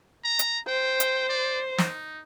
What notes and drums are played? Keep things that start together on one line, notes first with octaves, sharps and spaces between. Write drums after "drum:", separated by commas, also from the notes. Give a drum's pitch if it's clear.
A#5
drum: hi-hat
C5 G5
drum: hi-hat
D5
D#4, drum: snare